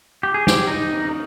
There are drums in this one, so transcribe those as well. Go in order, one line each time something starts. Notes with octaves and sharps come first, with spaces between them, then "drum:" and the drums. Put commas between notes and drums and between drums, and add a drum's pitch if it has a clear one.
G4
G#4
G4, drum: snare
D#4
drum: cymbal